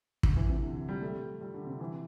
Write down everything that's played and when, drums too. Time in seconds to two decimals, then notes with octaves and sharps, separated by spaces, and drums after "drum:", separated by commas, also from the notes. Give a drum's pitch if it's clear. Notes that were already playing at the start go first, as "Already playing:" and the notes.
0.23 D3, drum: kick
0.36 E3
0.49 C3
0.62 D3
0.88 G3
1.01 A3
1.41 G3
1.54 D3
1.67 C3
1.80 E3